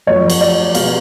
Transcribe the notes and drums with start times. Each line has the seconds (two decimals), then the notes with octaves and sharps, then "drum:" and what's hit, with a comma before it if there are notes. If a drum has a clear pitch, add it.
0.07 F#2 F3 A3 C#5
0.30 drum: cymbal
0.41 D5
0.75 B2 G#3 B3 F5, drum: cymbal